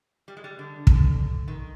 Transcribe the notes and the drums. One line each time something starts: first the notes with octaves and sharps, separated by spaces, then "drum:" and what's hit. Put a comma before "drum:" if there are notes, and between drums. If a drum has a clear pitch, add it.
G3
G#3
G3
D3
drum: kick
D#3